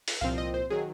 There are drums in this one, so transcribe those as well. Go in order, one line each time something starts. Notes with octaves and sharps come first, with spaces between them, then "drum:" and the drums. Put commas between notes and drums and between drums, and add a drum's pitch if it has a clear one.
drum: open hi-hat
C2 A#2 F3 C4 F5
D#5
C5
D#3 F#3 G#4